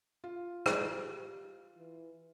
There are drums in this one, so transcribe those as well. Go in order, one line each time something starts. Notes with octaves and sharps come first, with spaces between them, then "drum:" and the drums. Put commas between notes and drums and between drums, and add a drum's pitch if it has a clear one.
F4
drum: rim click
G4
E3